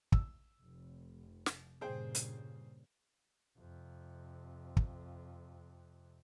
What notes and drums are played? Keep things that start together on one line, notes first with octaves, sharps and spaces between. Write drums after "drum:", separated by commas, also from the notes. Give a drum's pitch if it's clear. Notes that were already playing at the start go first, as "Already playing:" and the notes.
E6, drum: kick
F1
drum: snare
G2 A#2 C#3 G#4 C5 G5
drum: hi-hat
F2 C3
drum: kick